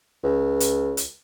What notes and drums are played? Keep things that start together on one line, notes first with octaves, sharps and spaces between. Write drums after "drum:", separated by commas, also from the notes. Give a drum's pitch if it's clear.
C#2
drum: hi-hat
drum: hi-hat